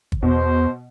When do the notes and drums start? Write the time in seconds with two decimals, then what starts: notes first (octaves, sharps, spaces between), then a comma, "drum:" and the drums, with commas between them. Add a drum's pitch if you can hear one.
0.12 drum: kick
0.23 E2 B2 C5